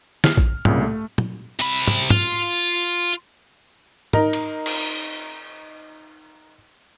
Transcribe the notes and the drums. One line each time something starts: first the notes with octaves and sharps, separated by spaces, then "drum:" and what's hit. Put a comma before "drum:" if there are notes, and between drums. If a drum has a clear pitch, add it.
F6, drum: snare
drum: kick A#1
C2 A#2 C#3, drum: tom
A3
drum: tom
C3 B5
drum: tom
F4, drum: tom
D#4 A#4, drum: tom
drum: cymbal
drum: cymbal